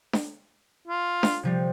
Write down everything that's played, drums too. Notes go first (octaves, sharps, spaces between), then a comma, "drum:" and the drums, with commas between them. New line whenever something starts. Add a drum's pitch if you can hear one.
drum: snare D4
F4
drum: snare D4
C3 F3 G3